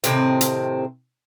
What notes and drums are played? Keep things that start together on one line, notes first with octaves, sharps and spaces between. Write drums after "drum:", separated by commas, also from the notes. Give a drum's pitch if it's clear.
A2 C3 D#3 C4, drum: hi-hat
drum: hi-hat